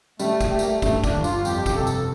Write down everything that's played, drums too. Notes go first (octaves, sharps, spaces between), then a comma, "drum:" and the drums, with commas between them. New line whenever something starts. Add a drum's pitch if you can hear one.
G3 A3, drum: tambourine
drum: kick, tambourine
A3 G4
A#3, drum: tambourine
A3
G2 A3, drum: kick, tambourine
D4, drum: kick, tambourine
G1
F4, drum: tambourine
F2 G4, drum: tambourine
drum: kick, tambourine
C3 A4
drum: tambourine